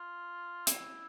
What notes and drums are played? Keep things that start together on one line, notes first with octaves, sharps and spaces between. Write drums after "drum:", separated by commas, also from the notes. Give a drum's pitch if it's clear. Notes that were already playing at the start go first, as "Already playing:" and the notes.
Already playing: F4
E4, drum: hi-hat